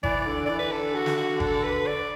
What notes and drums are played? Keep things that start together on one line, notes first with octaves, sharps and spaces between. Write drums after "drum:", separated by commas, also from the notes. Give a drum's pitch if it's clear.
E3 D5, drum: kick G1
D3
E3 D5
B4
D3 A4
F#4
drum: snare
F#4
A4, drum: kick G1
B4
D5